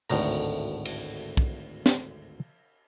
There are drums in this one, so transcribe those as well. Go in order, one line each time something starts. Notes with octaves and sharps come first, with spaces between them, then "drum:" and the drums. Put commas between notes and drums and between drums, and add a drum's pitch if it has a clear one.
G#1 D2 A2 A#5, drum: open hi-hat
drum: cymbal
drum: kick
drum: snare